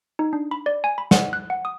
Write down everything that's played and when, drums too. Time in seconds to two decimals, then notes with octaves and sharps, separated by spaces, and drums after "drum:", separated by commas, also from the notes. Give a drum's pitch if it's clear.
0.19 D#4
0.33 D4
0.51 B5
0.66 D5
0.84 G#5
0.98 B5
1.11 F#5, drum: snare
1.33 F#6
1.50 F#5
1.65 D#6